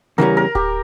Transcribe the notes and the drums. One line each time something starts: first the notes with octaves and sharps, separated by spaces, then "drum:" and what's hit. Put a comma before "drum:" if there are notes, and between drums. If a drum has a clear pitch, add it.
E2 C#3 E3 G3 C#4 A#4
A#4
G4, drum: kick D1